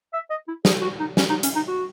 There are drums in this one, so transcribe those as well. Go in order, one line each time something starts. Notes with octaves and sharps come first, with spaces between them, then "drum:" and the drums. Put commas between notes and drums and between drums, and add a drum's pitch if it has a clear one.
E5
D#5
E4
G#4, drum: snare
F#4
D#4
C#4, drum: snare
D#4
C#4, drum: hi-hat
D#4
F#4